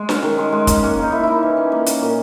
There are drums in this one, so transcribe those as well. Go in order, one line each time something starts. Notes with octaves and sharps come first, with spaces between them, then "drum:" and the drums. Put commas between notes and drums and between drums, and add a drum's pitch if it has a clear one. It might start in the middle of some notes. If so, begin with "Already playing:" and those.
Already playing: G#3
C#4, drum: snare
D#3
G#3
G#3
C#4 A#4, drum: kick, hi-hat
A#3 C#4
A#3
D#4
A#3 E4
A#3 D#4 E4
E3
C#4
A#3
C#4, drum: hi-hat
A#2